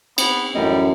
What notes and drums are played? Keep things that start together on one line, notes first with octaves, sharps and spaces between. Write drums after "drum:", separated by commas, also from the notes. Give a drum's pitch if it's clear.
B3 C4, drum: cymbal
A1 F#2 G3 D#5